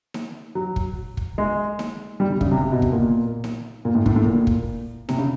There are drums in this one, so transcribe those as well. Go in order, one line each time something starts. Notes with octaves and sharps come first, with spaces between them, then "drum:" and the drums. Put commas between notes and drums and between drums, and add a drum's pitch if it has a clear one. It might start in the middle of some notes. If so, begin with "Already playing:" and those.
drum: snare D#4
F#3
drum: kick
drum: kick
G#3
drum: snare D#4
G3
G3
C#3, drum: kick
C3
C3
B2
B2, drum: kick
A#2
drum: snare D#4
A#2
A2
A2, drum: kick
A2
A#2
drum: kick
C3, drum: snare D#4
C#3